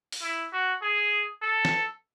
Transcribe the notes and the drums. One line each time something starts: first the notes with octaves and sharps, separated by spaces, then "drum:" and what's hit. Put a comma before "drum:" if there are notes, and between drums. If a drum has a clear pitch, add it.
drum: open hi-hat
E4
F#4
G#4
A4
drum: snare